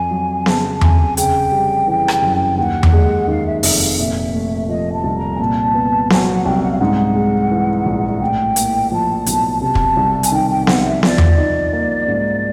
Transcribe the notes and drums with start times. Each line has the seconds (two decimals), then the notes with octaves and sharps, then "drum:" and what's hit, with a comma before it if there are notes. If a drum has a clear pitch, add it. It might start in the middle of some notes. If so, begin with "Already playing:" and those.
Already playing: F2 G#5
0.11 F#3
0.46 C#3 A5, drum: snare B3
0.81 F1 G#5, drum: tom E2
1.17 C#3 G5, drum: hi-hat
1.52 G3
1.87 E3
2.08 drum: rim click
2.22 F#2
2.57 D#2 F#5
2.83 drum: tom E2
2.93 G#3
3.28 D#3 F5
3.46 E5
3.63 F1 E5, drum: open hi-hat
3.81 F5
3.98 A#2 E5
4.34 A3
4.68 F3 D#5
4.92 A5
5.04 C2
5.16 A#5
5.35 G#5
5.39 A#2 A5
5.74 B3
6.10 F#3 G#5, drum: snare B3
6.27 F#5
6.45 C2 G5
6.62 F#5
6.71 F5
6.78 G#2 F#5
7.15 G#3
7.51 E3
7.85 A#1
8.21 A2 G5
8.56 A#3, drum: hi-hat
8.92 F3 A5
9.26 B1, drum: hi-hat
9.61 C3 A5
9.75 drum: kick
9.97 C2
10.23 G#5, drum: hi-hat
10.32 D#3 G5
10.50 G5
10.67 C2 F#5, drum: snare B3
10.77 F5
10.85 E5
11.03 F3 D5, drum: snare B3
11.18 drum: tom E2
11.38 D#4
11.73 A#3
12.08 G#2